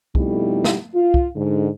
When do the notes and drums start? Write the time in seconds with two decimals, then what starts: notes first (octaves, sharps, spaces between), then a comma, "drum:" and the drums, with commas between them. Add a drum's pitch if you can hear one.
0.15 F2 B2 G3 A3 D#4 E4, drum: kick
0.64 drum: snare
0.94 F4
1.14 drum: kick
1.36 G#2 D3